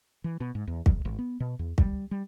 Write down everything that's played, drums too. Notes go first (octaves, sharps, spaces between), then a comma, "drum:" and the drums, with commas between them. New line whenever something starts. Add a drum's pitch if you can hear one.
E3
B2
G#2
E2
E1, drum: kick
G#1
B3
B2
E2
G3, drum: kick
G3